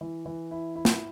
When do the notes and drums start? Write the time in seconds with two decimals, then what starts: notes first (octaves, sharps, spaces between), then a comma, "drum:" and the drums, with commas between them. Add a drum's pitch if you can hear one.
0.01 E3
0.26 E3
0.51 E4
0.76 E4
0.85 drum: snare